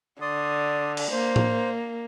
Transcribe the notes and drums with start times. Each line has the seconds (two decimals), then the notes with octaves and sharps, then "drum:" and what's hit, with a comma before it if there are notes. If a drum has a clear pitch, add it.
0.21 D3 D5 C6 D#6
0.97 drum: cymbal
1.11 A#3 C5
1.36 drum: tom A2